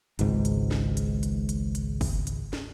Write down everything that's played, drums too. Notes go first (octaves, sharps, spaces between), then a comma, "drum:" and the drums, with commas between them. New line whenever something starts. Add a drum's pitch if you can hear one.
G#1 C#2 G#2, drum: hi-hat
drum: hi-hat
drum: snare
drum: hi-hat
drum: hi-hat
drum: hi-hat
drum: hi-hat
drum: kick F#1, open hi-hat
drum: hi-hat
drum: snare